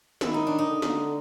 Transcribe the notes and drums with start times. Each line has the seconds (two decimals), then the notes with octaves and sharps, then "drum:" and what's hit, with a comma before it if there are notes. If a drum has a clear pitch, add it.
0.21 D#3 E4, drum: snare
0.34 D#4
0.47 D4
0.58 D#4
0.67 D3
0.82 drum: snare